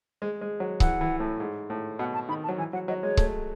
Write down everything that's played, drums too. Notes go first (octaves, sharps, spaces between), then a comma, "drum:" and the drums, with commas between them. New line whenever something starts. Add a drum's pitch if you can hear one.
G#3
G#3
F#3
E3 F#5, drum: kick C#1
E3
A2
G#2
A2
B2 F#5
A5
D#3 B5
A5
F#3
E3 G#5
F#3 F#5
F#3 D#5
G#3 C#5
A3, drum: kick C#1